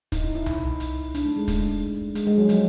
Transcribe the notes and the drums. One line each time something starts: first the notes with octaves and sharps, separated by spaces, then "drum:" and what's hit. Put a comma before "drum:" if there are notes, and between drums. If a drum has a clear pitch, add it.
D#4, drum: kick, hi-hat
E4
E4
drum: tom C2
drum: hi-hat
D4, drum: hi-hat
A3
G#3
drum: kick, hi-hat
G#3, drum: hi-hat
G#3
F#3
F3, drum: hi-hat